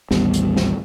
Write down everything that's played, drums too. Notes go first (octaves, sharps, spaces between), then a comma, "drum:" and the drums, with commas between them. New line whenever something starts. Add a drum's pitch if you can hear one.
A1 D#2 G3 B3, drum: snare
drum: hi-hat
drum: snare